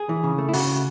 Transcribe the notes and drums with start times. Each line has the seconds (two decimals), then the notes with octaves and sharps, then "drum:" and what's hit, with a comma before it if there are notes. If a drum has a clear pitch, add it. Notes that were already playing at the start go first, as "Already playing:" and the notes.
Already playing: G#4
0.09 E3
0.24 C#3
0.38 A3
0.49 E4
0.53 C#3 F#4, drum: open hi-hat